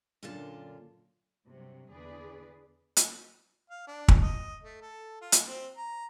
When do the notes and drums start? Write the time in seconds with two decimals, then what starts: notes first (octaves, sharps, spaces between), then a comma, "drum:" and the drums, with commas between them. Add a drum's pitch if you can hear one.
0.23 F#2 A#2 D3 F4 A5
1.46 G2 C3 F#3
1.91 E2 D3 G#4 B4 D5
2.96 drum: hi-hat
3.70 F5
3.87 D4
4.08 drum: kick
4.21 D#5
4.63 A3
4.82 A4
5.21 F4
5.32 drum: hi-hat
5.47 C4
5.77 A#5